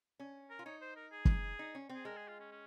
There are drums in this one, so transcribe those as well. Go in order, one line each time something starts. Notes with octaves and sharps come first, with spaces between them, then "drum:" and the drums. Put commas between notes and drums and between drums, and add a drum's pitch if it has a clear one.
C#4
A#4
F4
D#4 C#5
C5
A#4
G#4
drum: kick
D#4
C#4
C4
G#4
G#3 A#4
G#4
F4
C#4
C#4